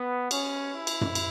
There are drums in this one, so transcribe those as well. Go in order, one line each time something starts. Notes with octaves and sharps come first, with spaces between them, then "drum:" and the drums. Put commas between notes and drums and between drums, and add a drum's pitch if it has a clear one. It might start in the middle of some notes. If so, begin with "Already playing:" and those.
Already playing: B3
C#4, drum: cymbal
E4
drum: cymbal
drum: tom F#2
drum: cymbal